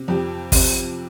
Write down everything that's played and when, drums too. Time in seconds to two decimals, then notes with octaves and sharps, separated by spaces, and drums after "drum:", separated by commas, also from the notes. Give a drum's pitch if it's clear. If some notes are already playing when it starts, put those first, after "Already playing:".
Already playing: C3
0.08 F2 G4
0.52 C3, drum: kick, open hi-hat